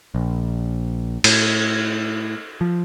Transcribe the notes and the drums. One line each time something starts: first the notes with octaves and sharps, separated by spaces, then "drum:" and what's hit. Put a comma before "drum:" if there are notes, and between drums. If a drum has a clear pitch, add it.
A#1
A2, drum: cymbal
F3